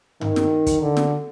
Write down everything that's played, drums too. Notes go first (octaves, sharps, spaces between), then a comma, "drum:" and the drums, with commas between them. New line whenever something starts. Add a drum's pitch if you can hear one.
D#3, drum: tom G2
drum: snare
drum: kick, hi-hat
D3
drum: snare